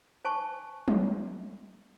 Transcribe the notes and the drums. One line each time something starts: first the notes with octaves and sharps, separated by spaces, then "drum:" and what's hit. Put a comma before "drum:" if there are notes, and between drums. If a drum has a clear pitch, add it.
C5 G#5 A5 C#6
drum: tom F3